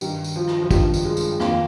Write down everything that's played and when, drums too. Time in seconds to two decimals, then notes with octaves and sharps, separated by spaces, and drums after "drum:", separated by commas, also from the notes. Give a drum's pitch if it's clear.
0.01 G2 D#3 G3, drum: tambourine
0.24 drum: tambourine
0.36 F3
0.47 drum: rim click
0.62 F3
0.71 G2 D#3 G3, drum: kick, tambourine
0.94 drum: tambourine
1.05 G#3
1.17 drum: tambourine
1.40 F2 D#3 A#3, drum: rim click